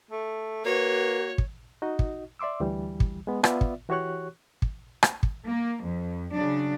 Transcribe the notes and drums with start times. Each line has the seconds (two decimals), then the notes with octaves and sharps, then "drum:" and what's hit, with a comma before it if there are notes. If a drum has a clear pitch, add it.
0.11 A3
0.65 A#3 F#4 B4 C#5
1.38 drum: kick
1.82 D#4 F#4 D#5
1.99 drum: kick
2.39 D5 E5 C6 D6 E6
2.60 D2 E3 G3
3.00 drum: kick
3.27 G#3 B3
3.44 B3 F4 D5 E5, drum: rim click
3.61 drum: kick
3.89 E3 F#4 G4 C#5 C#6 F#6
4.62 drum: kick
5.03 drum: rim click
5.23 drum: kick
5.46 A#3
5.82 F2
6.33 C#3 F#3 D4